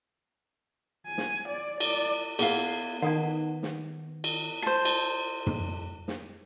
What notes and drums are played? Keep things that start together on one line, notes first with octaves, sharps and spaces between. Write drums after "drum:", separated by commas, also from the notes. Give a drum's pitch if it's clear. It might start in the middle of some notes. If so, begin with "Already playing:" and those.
G#5
drum: snare
D5
D5, drum: cymbal
B3 E4 G#4 F5, drum: cymbal
D#3 B3 D#4 A4 F#5
drum: snare
drum: cymbal
A4 C5
drum: cymbal
drum: tom
drum: snare